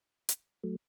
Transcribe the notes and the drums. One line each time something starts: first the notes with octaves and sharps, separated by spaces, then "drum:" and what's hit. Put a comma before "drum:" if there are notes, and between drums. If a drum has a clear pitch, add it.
drum: hi-hat
F#3 A3